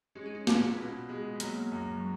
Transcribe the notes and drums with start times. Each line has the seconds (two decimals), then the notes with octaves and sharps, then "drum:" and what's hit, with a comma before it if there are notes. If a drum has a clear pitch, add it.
0.15 G#3 C#4
0.26 D#4
0.35 C#4
0.47 A#2 B3, drum: snare
0.58 C#4
0.69 B3
0.78 B2
1.09 G#3
1.36 B3
1.40 F#3 A#3, drum: hi-hat
1.72 F#2
1.97 F#3